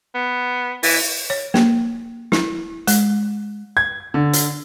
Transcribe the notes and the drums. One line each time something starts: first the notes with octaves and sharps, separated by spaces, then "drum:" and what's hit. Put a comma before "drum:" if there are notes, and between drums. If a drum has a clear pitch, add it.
B3
E3, drum: open hi-hat
C#5
A#3, drum: snare
E4, drum: snare
G#3, drum: hi-hat
G#6
D3
drum: hi-hat